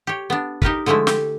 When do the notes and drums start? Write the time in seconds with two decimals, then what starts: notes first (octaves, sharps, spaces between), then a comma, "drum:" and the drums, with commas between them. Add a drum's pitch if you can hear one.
0.07 G4 C#5
0.30 B3 D4
0.62 D#4 G4 A#4 B4, drum: kick
0.86 D3 F3 G#3 A3 E4
1.07 G4, drum: snare